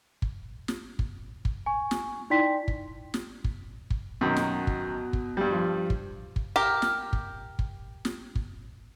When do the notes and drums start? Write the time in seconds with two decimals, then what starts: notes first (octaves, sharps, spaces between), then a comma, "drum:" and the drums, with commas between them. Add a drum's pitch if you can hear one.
0.22 drum: kick
0.68 drum: snare
0.99 drum: kick
1.45 drum: kick
1.66 G#5 C#6
1.91 drum: snare
2.30 D#4 E4 D5 G5 C6 B6
2.68 drum: kick
3.14 drum: snare
3.44 drum: kick
3.90 drum: kick
4.21 F#2 B2 D#3
4.36 drum: snare
4.67 drum: kick
5.13 drum: kick
5.37 G2 G3
5.51 F3
5.90 drum: kick
6.36 drum: kick
6.56 G4 A#4
6.82 drum: snare
7.13 drum: kick
7.59 drum: kick
8.05 drum: snare
8.35 drum: kick